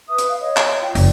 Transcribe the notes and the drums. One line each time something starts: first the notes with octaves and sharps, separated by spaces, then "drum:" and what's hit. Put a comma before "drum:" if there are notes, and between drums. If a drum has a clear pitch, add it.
B4 E5 D#6
drum: hi-hat
F5
C#5 D#5
drum: clap
F4 F5 G5
F#1 D5, drum: open hi-hat